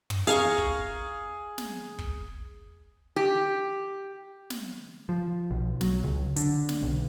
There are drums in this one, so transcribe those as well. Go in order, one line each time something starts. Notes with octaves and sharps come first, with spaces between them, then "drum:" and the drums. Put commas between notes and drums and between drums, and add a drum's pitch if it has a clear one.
drum: tom
G#4 F5 A#5 C#6, drum: hi-hat
drum: kick
drum: snare
drum: kick
G4
drum: snare
F3
B1
F#3, drum: snare
C#2
D3, drum: hi-hat
drum: snare
B1